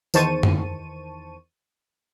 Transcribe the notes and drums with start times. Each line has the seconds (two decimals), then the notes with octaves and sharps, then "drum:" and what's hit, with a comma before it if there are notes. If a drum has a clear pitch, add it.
0.14 E2 D#3 C5 A5 C#6 D#7, drum: tambourine
0.43 drum: tom